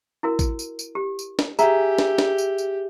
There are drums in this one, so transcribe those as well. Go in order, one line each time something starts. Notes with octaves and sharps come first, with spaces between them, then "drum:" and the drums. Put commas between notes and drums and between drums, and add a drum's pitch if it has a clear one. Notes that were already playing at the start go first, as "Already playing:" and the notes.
E4 F#4 A#4
drum: kick, tambourine
drum: tambourine
drum: tambourine
G4
drum: tambourine
drum: snare
G4 G#4 E5 A#5, drum: tambourine
drum: snare
drum: snare
drum: tambourine
drum: tambourine